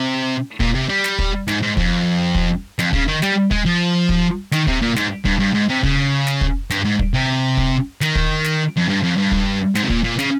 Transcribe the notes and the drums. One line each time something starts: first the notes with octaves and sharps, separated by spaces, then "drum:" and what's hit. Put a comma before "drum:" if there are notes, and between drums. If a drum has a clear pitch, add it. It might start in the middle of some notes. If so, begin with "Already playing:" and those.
Already playing: C3
A#2, drum: kick
C3
G3
drum: snare
drum: kick
G#2, drum: snare
G#2
F2, drum: kick
drum: kick
F2, drum: snare
C#3, drum: kick
D#3
G3, drum: snare
G#3, drum: kick
F3
drum: kick
D#3, drum: snare
C3, drum: kick
A#2
G#2, drum: snare
G2, drum: kick
G2
G#2
C3
C#3, drum: kick
drum: snare
drum: kick
G2, drum: snare
G#2
drum: kick
C3
drum: kick
D#3, drum: snare
drum: kick
drum: snare
F2
G2
F2
G2
drum: kick
G#2, drum: snare
C3
A#2, drum: kick
A#2
C#3, drum: snare